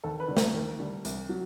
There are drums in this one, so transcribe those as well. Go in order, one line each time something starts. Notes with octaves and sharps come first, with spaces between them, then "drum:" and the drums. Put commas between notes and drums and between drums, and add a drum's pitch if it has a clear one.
D#2 A4
B4
D3 G3
A#4, drum: snare
D#2
D3 G3
C2, drum: hi-hat
F#3